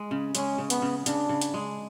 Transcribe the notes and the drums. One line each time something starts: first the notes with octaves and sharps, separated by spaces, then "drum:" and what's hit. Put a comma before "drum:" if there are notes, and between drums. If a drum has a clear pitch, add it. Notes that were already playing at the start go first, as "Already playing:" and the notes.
Already playing: G#3
C#3
G#3 C#4, drum: hi-hat
C#3
B3, drum: hi-hat
C#3
C#3 D4, drum: hi-hat
C#3
drum: hi-hat
G#3